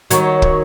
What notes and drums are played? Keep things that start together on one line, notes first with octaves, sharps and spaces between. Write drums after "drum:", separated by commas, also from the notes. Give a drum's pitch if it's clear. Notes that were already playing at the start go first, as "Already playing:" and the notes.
D#3 F#3 C#5, drum: hi-hat
drum: kick